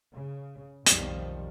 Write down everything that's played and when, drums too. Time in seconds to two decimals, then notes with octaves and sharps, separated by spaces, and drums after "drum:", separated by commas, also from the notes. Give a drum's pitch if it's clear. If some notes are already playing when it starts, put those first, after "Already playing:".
0.15 C#3
0.86 B1 F2 D#3 F3 G3, drum: hi-hat